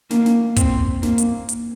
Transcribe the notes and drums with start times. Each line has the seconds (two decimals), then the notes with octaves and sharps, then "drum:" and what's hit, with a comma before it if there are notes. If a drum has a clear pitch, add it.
0.11 A#3, drum: snare
0.26 drum: snare
0.56 C4, drum: kick, hi-hat
1.03 A#3, drum: snare
1.18 drum: hi-hat
1.49 drum: hi-hat